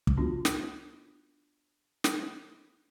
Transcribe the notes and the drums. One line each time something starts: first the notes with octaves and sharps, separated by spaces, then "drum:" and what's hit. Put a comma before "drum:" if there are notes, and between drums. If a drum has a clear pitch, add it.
drum: kick
B3 D4 F4 F#4
drum: snare
drum: snare